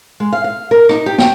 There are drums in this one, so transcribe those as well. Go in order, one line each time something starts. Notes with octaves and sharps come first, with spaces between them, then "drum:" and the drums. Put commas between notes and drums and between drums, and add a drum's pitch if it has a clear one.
G#3
F5
F5
A#4
D#4, drum: rim click
G4
G5, drum: snare